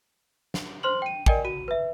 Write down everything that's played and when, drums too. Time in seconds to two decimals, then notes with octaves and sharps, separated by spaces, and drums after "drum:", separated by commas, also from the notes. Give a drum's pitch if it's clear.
0.54 drum: snare
0.83 C5 C6 F6 F#7
1.02 G5 D#7
1.26 A#4 D5 D#5 G5 G#5, drum: kick
1.44 F#4 D#7
1.68 B4 E5